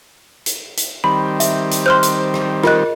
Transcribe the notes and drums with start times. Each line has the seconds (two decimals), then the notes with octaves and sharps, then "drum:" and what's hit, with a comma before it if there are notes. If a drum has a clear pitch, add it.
0.46 drum: hi-hat
0.77 drum: hi-hat
1.04 D#3 G3 C4 B5
1.40 E5, drum: hi-hat
1.71 drum: hi-hat
1.86 C5 C6 F6 G6
2.03 drum: hi-hat
2.34 drum: rim click
2.64 F4 A#4 D#5 F#6, drum: rim click